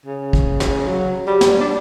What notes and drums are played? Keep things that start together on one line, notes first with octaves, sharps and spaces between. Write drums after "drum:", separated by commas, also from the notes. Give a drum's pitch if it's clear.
C#3
drum: kick
drum: snare
F#3
G3
drum: snare
D4